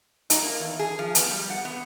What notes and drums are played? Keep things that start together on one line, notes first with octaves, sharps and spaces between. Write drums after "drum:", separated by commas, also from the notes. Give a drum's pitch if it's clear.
D#4, drum: hi-hat
A#3
E2
G#4
F3
B3, drum: hi-hat
G3
F#5
B3